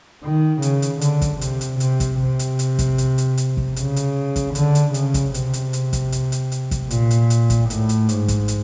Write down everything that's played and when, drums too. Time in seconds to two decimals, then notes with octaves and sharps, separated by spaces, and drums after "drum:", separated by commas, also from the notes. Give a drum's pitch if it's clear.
0.24 D#3
0.62 C#3, drum: hi-hat
0.82 drum: hi-hat
1.01 D3, drum: hi-hat
1.22 drum: kick, hi-hat
1.41 C3, drum: hi-hat
1.61 drum: hi-hat
1.80 C3, drum: hi-hat
2.00 drum: kick, hi-hat
2.20 C3
2.39 drum: hi-hat
2.59 drum: hi-hat
2.79 drum: kick, hi-hat
2.98 drum: hi-hat
3.18 drum: hi-hat
3.38 drum: hi-hat
3.57 drum: kick
3.76 C#3, drum: hi-hat
3.96 drum: hi-hat
4.36 drum: kick, hi-hat
4.55 D3, drum: hi-hat
4.75 drum: hi-hat
4.94 C#3, drum: hi-hat
5.14 drum: kick, hi-hat
5.34 C3, drum: hi-hat
5.53 drum: hi-hat
5.73 drum: hi-hat
5.93 drum: kick, hi-hat
6.12 drum: hi-hat
6.32 drum: hi-hat
6.52 drum: hi-hat
6.71 drum: kick, hi-hat
6.91 A#2, drum: hi-hat
7.11 drum: hi-hat
7.30 drum: hi-hat
7.50 drum: kick, hi-hat
7.70 A2, drum: hi-hat
7.89 drum: hi-hat
8.09 G#2, drum: hi-hat
8.28 drum: kick, hi-hat
8.48 drum: hi-hat